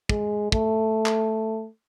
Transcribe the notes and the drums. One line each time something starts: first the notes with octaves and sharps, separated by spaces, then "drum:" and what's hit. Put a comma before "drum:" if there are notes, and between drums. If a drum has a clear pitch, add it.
G#3, drum: kick
A3, drum: kick
drum: clap